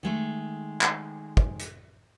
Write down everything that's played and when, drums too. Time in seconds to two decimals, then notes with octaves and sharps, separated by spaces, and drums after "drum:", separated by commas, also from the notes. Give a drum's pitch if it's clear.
0.03 D#3 G#3 A3
0.81 drum: clap
1.37 drum: kick
1.60 drum: hi-hat